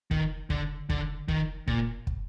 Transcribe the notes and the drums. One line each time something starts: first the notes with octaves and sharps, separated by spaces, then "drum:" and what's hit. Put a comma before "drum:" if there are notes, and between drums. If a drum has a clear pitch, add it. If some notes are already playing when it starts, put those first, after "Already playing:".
D#3, drum: kick
D3, drum: kick
D3, drum: kick
D#3, drum: kick
A#2, drum: kick
drum: kick